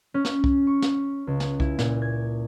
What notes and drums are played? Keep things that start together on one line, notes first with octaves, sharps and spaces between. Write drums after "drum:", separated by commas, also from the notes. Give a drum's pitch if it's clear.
C#4
drum: snare
drum: kick C2
C#6
drum: snare
C#2
drum: snare
E4, drum: kick C2
A#2, drum: snare
G#6